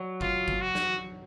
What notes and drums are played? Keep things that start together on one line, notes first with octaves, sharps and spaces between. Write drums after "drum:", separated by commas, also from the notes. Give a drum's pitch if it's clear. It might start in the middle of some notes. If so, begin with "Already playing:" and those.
Already playing: F#3
F4, drum: kick G1
drum: kick G1
F#4
drum: snare